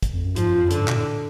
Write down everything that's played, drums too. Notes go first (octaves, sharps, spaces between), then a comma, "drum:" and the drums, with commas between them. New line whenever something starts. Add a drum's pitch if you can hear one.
drum: kick, hi-hat
F2
F#2
G#2 F3, drum: hi-hat
F#2
F2
F#2 D3, drum: hi-hat
G#2
B2, drum: clap
A2